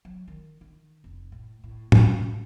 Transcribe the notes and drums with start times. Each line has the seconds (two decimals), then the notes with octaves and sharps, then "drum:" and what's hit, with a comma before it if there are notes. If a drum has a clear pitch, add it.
0.05 F#3
0.28 D#3
0.61 D#3
1.04 F1
1.32 A2
1.64 A2
1.92 A#2, drum: tom
2.18 D4